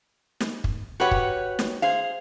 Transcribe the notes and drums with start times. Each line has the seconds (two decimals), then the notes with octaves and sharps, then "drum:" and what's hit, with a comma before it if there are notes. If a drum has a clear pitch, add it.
0.40 drum: snare
0.64 drum: kick
1.00 F#4 G4 B4 C#5 F#5
1.11 drum: kick
1.59 drum: snare
1.82 G#4 C5 F5